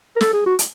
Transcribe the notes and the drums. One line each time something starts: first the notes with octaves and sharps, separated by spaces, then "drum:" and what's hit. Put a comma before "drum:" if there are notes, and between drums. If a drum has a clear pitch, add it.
A#4
A4, drum: snare
G#4
F#4
drum: hi-hat